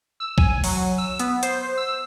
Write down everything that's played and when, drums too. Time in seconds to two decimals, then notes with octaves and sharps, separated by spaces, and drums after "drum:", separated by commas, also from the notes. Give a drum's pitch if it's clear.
0.20 E6
0.38 G#5, drum: kick A#1
0.50 G#5
0.64 F#3, drum: open hi-hat
0.98 E6
1.19 B3, drum: hi-hat
1.43 C5, drum: hi-hat
1.77 E6